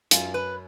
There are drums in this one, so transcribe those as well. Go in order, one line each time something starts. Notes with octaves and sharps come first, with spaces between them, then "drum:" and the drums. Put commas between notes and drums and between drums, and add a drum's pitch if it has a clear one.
F#2 F4, drum: hi-hat
B4